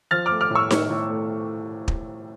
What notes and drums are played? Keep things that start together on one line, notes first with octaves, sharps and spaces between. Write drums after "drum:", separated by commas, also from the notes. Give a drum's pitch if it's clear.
F3 F6 A6
D6 F6
A3
D6 F6
A2 C#6 E6
A2, drum: snare D#4
A2
A3
drum: kick